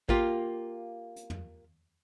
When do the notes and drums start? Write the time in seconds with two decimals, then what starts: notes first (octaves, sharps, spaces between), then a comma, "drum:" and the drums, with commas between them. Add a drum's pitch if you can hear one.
0.09 A#3 F4 G4, drum: kick
1.16 drum: hi-hat
1.30 drum: tom